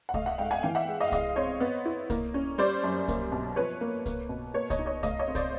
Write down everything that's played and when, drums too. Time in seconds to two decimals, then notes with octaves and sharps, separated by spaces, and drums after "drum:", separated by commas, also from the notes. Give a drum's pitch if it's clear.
0.09 F#5
0.14 A3 D#5 F5, drum: kick C2
0.26 E5 F#5
0.38 G#2 F5 G5
0.51 F#5 G#5
0.63 E3 F5 G5
0.75 E5 F#5
0.88 G#3
1.00 D#5 F5
1.12 G#3 D#5 F5, drum: kick C2, hi-hat
1.36 C4 C#5 D#5
1.60 B3
1.85 E4
2.10 A#3, drum: kick C2, hi-hat
2.34 C#4
2.58 G3 C5 D5
2.84 F#2
3.08 A#3, drum: kick C2, hi-hat
3.32 B2
3.56 F3 B4 C#5
3.81 A#3
4.06 A#3, drum: kick C2, hi-hat
4.29 B2
4.54 A#3 B4 C#5
4.70 C#5 D#5, drum: kick C2, hi-hat
4.79 D#4
4.86 C#5 D#5
5.03 A3 D#5 F5, drum: kick C2, hi-hat
5.19 C#5 D#5
5.28 C4
5.35 C5 D5, drum: kick C2, hi-hat